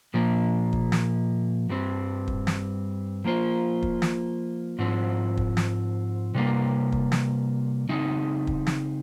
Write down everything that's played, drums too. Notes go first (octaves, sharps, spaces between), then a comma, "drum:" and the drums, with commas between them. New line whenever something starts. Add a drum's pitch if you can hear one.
A#2 F3 A#3
drum: kick
drum: snare
G2 G3 C4
drum: kick
drum: snare
F3 A#3 F4 C5
drum: kick
drum: snare
G#2 F3 C4
drum: kick
drum: snare
C3 G3 A#3
drum: kick
drum: snare
C#3 G#3 C4 D#4
drum: kick
drum: snare